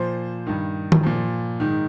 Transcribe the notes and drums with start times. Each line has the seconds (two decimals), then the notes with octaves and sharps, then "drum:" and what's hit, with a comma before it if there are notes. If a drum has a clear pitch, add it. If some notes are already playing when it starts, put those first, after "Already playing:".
Already playing: A#2 F3 C5
0.47 G2 D#3
0.92 drum: tom D#3
1.03 A#2 F3
1.60 G#2 D#3